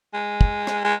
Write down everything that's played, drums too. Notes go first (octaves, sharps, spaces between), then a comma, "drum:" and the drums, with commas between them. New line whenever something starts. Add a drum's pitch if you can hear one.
G#3
drum: kick
drum: rim click
G#3